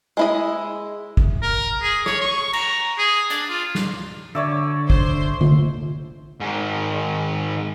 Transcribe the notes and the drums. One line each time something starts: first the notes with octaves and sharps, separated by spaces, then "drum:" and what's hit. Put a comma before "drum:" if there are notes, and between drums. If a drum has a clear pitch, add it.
G#3 E4 D#5
drum: kick
A#4
G#4
C#5, drum: rim click
C#6
A#5, drum: cymbal
G#4
D4, drum: hi-hat
F4
drum: snare
D3 C#5 D5 E5
C5 C6, drum: kick
drum: tom D3
G#2 D#3